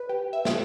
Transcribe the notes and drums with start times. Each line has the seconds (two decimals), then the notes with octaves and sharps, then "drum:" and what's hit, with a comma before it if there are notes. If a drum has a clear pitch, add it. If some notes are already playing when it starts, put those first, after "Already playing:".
Already playing: B4
0.09 G4
0.33 E5
0.45 drum: snare